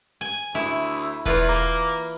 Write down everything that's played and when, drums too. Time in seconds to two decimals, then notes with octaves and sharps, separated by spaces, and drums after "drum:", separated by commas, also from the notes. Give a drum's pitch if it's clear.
0.21 G#5
0.55 D2 E4
1.26 E2 E3 F4 B4, drum: kick E1, hi-hat
1.49 A#3
1.88 drum: open hi-hat